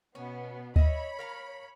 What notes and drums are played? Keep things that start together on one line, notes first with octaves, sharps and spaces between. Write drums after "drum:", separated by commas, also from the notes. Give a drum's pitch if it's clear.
B2 B3 C#4
C#5 D#5 E5 B5, drum: kick D2
A#4 F5 A#5